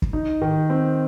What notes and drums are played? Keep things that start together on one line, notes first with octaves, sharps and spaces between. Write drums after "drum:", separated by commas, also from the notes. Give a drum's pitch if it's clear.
drum: kick
D#4
D#3
C4